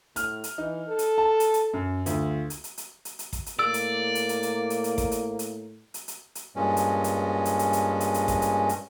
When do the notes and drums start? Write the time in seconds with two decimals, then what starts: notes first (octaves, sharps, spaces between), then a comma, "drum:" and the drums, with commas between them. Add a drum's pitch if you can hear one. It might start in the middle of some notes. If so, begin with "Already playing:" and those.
0.16 A2 F6, drum: hi-hat
0.44 drum: hi-hat
0.58 E3 D#4
0.88 A4
0.99 drum: hi-hat
1.18 A5
1.40 drum: hi-hat
1.54 drum: hi-hat
1.73 F#2
2.06 D2 F4, drum: hi-hat
2.50 drum: hi-hat
2.64 drum: hi-hat
2.78 drum: hi-hat
3.05 drum: hi-hat
3.19 drum: hi-hat
3.33 drum: kick, hi-hat
3.46 drum: hi-hat
3.59 A2 A#3 D5 E6
3.74 drum: hi-hat
4.15 drum: hi-hat
4.29 drum: hi-hat
4.43 drum: hi-hat
4.70 drum: hi-hat
4.84 drum: hi-hat
4.98 drum: kick, hi-hat
5.11 drum: hi-hat
5.39 drum: hi-hat
5.94 drum: hi-hat
6.08 drum: hi-hat
6.35 drum: hi-hat
6.56 G2 A#2 G#3 C#4
6.77 drum: hi-hat
7.04 drum: hi-hat
7.45 drum: hi-hat
7.59 drum: hi-hat
7.73 drum: hi-hat
8.00 drum: hi-hat
8.14 drum: hi-hat
8.28 drum: kick, hi-hat
8.42 drum: hi-hat
8.69 drum: hi-hat